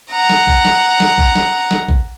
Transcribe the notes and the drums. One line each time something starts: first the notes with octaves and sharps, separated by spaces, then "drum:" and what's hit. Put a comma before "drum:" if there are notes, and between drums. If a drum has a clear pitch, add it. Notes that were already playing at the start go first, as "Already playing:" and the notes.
F#5 A#5
drum: snare
drum: kick A#1
drum: snare
drum: snare
drum: kick A#1
drum: snare
drum: snare
drum: kick A#1